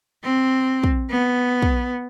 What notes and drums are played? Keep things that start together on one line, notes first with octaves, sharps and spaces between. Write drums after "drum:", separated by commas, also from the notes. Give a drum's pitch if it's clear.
C4
drum: kick
B3
drum: kick